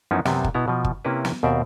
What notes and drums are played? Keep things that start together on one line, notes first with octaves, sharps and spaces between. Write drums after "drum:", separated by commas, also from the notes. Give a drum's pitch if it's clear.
F#2 F3 B3 C#4 D#4 E4
F#2 C3 G3 B3 C4, drum: snare
drum: kick
B2 B3 E4 A#5
B2 F3
drum: kick
C3 A#3 C#4 E4 B4
drum: snare
D#2 B2 C4 D5 E5